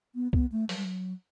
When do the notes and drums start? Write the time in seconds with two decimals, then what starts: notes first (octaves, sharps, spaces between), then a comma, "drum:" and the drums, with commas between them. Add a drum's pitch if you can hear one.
0.15 B3
0.33 B3, drum: kick C2
0.52 A3
0.69 F#3, drum: open hi-hat
0.77 G3
0.85 F#3